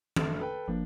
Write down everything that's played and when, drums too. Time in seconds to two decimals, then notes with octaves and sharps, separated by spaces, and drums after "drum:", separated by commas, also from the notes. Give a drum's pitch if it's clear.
0.16 F#1 A3 D4, drum: tom D#3
0.40 A4 B4 G5
0.68 G1 F3 A#3 D4